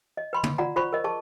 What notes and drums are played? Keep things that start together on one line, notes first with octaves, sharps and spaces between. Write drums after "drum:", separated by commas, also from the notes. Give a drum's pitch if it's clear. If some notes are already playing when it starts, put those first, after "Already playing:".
D#5
B4 B5 C6
drum: tom
F4 D5 F#5 A#5
F4 C5 B5 C#6
A#4 D#5
G#4 A5 C#6